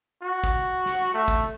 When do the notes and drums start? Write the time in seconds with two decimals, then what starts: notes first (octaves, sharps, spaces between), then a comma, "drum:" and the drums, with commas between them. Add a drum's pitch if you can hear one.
0.22 F#4
0.44 drum: kick
0.86 drum: snare
1.14 A3
1.28 drum: kick